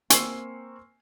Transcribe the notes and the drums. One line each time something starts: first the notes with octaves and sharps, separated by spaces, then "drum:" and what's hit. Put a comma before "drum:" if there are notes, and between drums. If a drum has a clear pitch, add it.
A#3 C4 G#5 C#6 E6 C7, drum: hi-hat